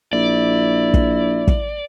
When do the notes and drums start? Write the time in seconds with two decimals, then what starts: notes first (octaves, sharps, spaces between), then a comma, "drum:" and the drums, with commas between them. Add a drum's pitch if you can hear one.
0.13 A#1 E4 D5
0.94 drum: kick
1.47 drum: kick